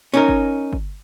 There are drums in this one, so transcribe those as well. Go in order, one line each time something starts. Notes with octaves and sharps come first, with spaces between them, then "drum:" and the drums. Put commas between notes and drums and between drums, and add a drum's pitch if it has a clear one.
C#4 D#4 A#4
drum: kick G1
drum: kick G1